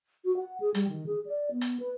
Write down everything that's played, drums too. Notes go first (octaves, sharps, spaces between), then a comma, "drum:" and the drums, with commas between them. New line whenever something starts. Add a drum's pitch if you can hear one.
F#4
F#5
G#4
G3, drum: hi-hat
D#3
G#4
D5
B3
drum: hi-hat
B4